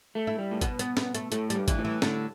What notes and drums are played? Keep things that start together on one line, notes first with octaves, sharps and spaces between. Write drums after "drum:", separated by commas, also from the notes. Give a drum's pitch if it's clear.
A3
E4
G3
A2
B2 B3, drum: kick G#1, hi-hat
B3, drum: hi-hat
B3, drum: snare
A3, drum: hi-hat
A2 A3, drum: hi-hat
G3, drum: hi-hat
G2
E3, drum: kick G#1, hi-hat
A2
E3
A2 D3, drum: snare